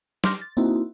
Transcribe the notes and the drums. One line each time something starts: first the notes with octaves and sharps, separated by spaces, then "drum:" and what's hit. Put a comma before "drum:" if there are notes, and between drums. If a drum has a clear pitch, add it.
C6 D6 F6 G6 A#6, drum: snare
A6
A#3 C4 D#4 E4 F#4